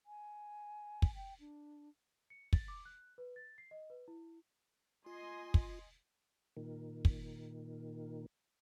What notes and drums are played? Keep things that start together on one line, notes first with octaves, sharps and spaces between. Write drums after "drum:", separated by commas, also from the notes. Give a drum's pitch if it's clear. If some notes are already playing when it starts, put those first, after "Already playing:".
G#5
drum: kick
G5
D4
C#7
A6, drum: kick
D6
F#6
B4
A6
C7
D#5
B4
E4
F4 D#5 G#5 C6
drum: kick
A#2 D#3
drum: kick